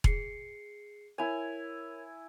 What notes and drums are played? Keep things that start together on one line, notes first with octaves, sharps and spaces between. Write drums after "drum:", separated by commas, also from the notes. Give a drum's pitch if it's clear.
G#4 C7 C#7, drum: kick E1
E4 A#4 C#5 G#5 F7